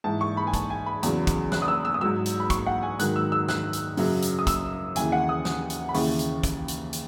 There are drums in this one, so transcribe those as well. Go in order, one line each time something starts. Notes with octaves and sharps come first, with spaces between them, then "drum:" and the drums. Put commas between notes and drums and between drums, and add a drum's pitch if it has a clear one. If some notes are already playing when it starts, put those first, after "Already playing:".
G#2 E3 A5
C#6
B5
G#5
A5, drum: kick, hi-hat
G#5
B5
E2 C#3 F#3, drum: hi-hat
drum: kick, hi-hat
F#6, drum: snare
D#6
E6
E6
D#6
G#2 F#3 E6
drum: hi-hat
B5
C#6, drum: kick, hi-hat
F#5
G#5
G#2 D#3 F#3 F#6, drum: hi-hat
E6
E6
F#6, drum: snare
drum: hi-hat
F#2 C#3 F#3, drum: open hi-hat
drum: hi-hat
D#6
E6, drum: kick, hi-hat
D#2 C#3 E3 G#5, drum: hi-hat
F#5
D#6
drum: snare
drum: hi-hat
B5
D#2 C#3 E3 C#6, drum: open hi-hat
drum: hi-hat
drum: kick, hi-hat
drum: hi-hat
drum: hi-hat